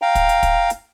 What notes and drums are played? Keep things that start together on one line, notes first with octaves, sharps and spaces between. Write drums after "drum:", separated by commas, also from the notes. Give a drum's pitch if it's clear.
F5 G5 A#5
drum: kick, hi-hat
drum: hi-hat
drum: kick, hi-hat
drum: hi-hat